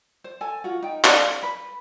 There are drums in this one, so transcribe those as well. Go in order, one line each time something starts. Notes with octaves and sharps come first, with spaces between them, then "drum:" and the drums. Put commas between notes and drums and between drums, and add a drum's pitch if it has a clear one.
C5
A4 G#5
F4 F#4
D#4 G5
A4 D5 F5, drum: clap
B4